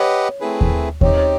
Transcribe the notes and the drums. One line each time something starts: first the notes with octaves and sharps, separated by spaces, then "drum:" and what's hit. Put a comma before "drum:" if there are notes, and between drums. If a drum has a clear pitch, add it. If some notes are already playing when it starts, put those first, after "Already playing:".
Already playing: G4 B4 C#5 D#5 F#5
A3 C4 E4 G#4 B4
drum: kick D#2
C4 D#4 G4 C#5, drum: kick D#2
C#5